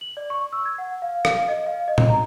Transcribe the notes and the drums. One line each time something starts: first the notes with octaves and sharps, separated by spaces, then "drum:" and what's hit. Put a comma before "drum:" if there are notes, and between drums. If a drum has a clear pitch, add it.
F#7
D5
C#6
E6
G#6
F#5
F5
F5, drum: rim click
D#5
F5
D#5
drum: tom A2
A#5